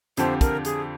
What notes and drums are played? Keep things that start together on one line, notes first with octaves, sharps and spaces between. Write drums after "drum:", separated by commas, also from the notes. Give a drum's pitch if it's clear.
F2 D3 F3 C4 G4 C5, drum: hi-hat
A#4, drum: kick, hi-hat
G#4, drum: hi-hat